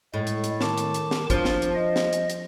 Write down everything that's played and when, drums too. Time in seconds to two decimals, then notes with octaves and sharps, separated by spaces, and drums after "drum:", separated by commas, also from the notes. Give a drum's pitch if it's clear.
0.14 A2 G#3
0.27 drum: hi-hat
0.44 drum: hi-hat
0.61 D#3 A5 D6, drum: snare
0.77 drum: hi-hat
0.94 drum: hi-hat
1.11 drum: snare
1.30 F3 D4, drum: kick, hi-hat
1.45 drum: snare
1.62 drum: hi-hat
1.75 D#5
1.96 drum: snare
2.13 drum: hi-hat
2.30 drum: hi-hat